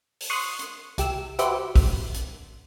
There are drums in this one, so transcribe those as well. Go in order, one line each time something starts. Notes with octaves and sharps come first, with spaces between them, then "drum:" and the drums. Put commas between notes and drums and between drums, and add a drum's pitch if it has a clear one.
drum: open hi-hat
C6 C#6 D#6 F#6
drum: hi-hat
C2 G4 E6, drum: hi-hat
F#4 G4 B4 C5 E5 D6, drum: hi-hat
drum: kick, open hi-hat
drum: hi-hat